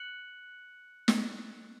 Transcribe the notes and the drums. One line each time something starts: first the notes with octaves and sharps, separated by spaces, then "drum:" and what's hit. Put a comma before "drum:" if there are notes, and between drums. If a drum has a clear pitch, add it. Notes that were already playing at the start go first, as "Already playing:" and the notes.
Already playing: F#6 C#7 F#7
drum: snare